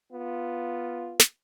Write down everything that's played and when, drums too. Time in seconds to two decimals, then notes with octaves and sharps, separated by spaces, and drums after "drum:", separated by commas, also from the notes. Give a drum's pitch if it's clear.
0.12 B3 F4
1.20 drum: snare